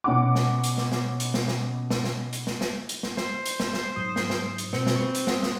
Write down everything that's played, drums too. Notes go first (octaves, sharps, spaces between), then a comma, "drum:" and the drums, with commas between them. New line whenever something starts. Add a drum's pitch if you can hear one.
B2 C#4 F#5 D6
drum: snare
drum: hi-hat
drum: snare
drum: snare
drum: hi-hat
drum: snare
drum: snare
drum: snare
drum: snare
drum: hi-hat
drum: snare
drum: snare
drum: hi-hat
drum: snare
C5, drum: snare
drum: hi-hat
drum: snare
drum: snare
G#2 F#3 D#6
drum: snare
drum: snare
drum: hi-hat
B2 C4 C#7, drum: snare
drum: snare
F#4 B4 C#6
drum: hi-hat
F#5 C6 D#6, drum: snare
drum: snare